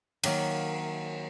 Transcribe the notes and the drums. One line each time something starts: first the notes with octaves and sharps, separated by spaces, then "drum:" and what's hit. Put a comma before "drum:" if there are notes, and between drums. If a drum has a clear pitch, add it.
D#3 F#3 A#3, drum: cymbal